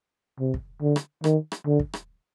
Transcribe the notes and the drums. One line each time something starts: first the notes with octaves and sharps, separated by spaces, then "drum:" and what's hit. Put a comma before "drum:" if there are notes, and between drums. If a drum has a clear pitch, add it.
C3
drum: kick
D3
drum: rim click
D#3, drum: rim click
drum: rim click
D3
drum: kick
drum: rim click